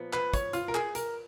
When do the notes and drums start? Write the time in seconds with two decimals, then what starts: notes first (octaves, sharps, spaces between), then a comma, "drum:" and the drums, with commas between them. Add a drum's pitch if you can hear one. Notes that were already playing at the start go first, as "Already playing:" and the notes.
Already playing: A#2 F3 B3
0.13 B4, drum: clap
0.34 C#5, drum: kick, hi-hat
0.53 F4, drum: hi-hat
0.68 A#4
0.75 G#4, drum: clap
0.95 A#4, drum: hi-hat